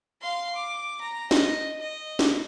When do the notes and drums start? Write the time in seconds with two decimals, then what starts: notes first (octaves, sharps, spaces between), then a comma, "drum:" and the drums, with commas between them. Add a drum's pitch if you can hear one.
0.22 F5 C6
0.55 D6
1.01 A#5
1.31 D#5, drum: snare
1.80 D#5
2.19 drum: snare